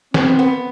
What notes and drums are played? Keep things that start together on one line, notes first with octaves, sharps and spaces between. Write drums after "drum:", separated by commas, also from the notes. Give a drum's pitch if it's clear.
B3 C4, drum: snare
B3